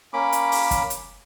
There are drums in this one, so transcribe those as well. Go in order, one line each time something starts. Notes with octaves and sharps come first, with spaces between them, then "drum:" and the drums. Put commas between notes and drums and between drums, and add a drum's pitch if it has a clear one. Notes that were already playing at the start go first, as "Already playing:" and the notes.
A#3 C#4 B5 D6
drum: hi-hat
drum: open hi-hat
drum: kick, hi-hat
drum: hi-hat